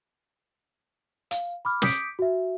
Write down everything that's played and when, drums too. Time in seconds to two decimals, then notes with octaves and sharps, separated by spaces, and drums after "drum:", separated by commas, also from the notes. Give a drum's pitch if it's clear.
1.31 F5, drum: hi-hat
1.65 B5 D6 F6
1.82 D6 D#6 G6 B6 C#7 D7, drum: snare
2.19 F#4 E5